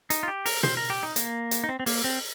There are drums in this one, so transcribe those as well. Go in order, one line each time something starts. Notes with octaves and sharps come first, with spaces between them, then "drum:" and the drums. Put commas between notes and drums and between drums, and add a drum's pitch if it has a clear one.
D#4, drum: hi-hat
F4
G4
A#4, drum: open hi-hat
C5, drum: tom
A#4
G4
D#4
A#3, drum: hi-hat
drum: hi-hat
D#4
C4
C4
A#3, drum: open hi-hat
C4